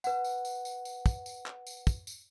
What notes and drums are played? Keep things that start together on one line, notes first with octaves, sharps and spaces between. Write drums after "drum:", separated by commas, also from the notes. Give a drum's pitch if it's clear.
B4 F#5, drum: tambourine
drum: tambourine
drum: tambourine
drum: tambourine
drum: tambourine
drum: kick, tambourine
drum: tambourine
drum: clap
drum: tambourine
drum: kick, tambourine
drum: tambourine